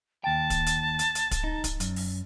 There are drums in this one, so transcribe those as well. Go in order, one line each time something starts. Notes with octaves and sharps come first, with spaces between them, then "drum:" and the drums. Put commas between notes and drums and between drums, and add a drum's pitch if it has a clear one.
D#2 G5 A5
drum: kick, hi-hat
drum: hi-hat
drum: hi-hat
drum: hi-hat
drum: kick, hi-hat
D#4
drum: kick, hi-hat
F#2, drum: hi-hat
drum: open hi-hat